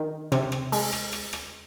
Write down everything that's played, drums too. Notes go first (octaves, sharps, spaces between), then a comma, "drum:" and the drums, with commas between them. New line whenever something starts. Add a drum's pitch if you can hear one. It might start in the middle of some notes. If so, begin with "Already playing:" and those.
Already playing: D#3
C3, drum: rim click
drum: rim click
G#3, drum: open hi-hat
drum: rim click
drum: rim click
drum: rim click